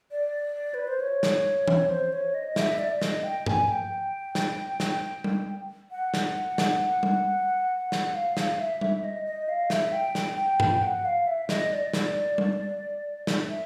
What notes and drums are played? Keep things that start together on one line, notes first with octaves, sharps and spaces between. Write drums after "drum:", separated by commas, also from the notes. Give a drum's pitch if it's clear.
D5
B4
C5
C#5
drum: snare
drum: tom E3
C5
C#5
D#5
E5, drum: snare
D5
D#5, drum: snare
G5
G#5, drum: tom G2
G5
drum: snare
drum: snare
drum: tom G3
F#5
drum: snare
drum: snare
drum: tom G3
drum: snare
F5
F5, drum: snare
E5
E5, drum: tom G3
D#5
D#5
F5
E5, drum: snare
G5
drum: snare
G5
drum: tom G2
F#5
F5
E5
D#5, drum: snare
D5
drum: snare
drum: tom G3
drum: snare
E5